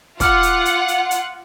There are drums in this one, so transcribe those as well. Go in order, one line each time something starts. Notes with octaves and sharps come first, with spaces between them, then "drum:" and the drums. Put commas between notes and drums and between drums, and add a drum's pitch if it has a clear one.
F4 F#5 D6 F6, drum: kick, hi-hat
drum: hi-hat
drum: hi-hat
drum: hi-hat
drum: hi-hat